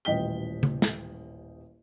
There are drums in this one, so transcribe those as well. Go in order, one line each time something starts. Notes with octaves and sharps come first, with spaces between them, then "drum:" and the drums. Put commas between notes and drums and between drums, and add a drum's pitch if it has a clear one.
D#1 A1 D#5 G5 B6 G7
drum: tom C#3
drum: snare